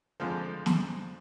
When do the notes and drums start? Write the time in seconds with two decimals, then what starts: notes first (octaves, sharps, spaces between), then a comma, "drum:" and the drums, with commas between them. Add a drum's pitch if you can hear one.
0.20 F2 D3 F3 G#3
0.66 drum: snare